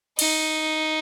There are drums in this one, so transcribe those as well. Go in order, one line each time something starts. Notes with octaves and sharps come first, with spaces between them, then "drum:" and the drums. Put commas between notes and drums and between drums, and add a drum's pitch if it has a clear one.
D#4, drum: cymbal